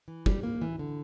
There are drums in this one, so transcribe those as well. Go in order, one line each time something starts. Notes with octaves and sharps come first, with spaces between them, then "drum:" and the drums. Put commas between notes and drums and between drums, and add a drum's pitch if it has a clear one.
E3
G3, drum: kick
A#3
E3
D3